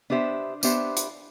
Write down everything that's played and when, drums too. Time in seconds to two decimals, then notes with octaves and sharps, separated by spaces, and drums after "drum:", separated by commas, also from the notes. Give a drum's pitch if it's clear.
0.10 B3 D4 G4 C5 E5
0.63 B3 D4 G4 C5 E5, drum: tambourine
0.97 drum: hi-hat